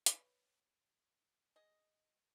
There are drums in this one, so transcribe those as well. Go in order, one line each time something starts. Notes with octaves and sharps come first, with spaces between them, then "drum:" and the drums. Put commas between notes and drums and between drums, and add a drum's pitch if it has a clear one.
B4 C#5, drum: hi-hat
G#4 D#5